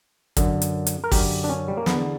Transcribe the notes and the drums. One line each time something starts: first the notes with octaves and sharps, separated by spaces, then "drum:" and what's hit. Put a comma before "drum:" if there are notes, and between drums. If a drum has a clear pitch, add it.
F#2 D3, drum: kick, hi-hat
drum: hi-hat
drum: hi-hat
A#4
F#2 D3 G4, drum: kick, open hi-hat
D4
C#4
G3
A#3
E2 D3 B3, drum: snare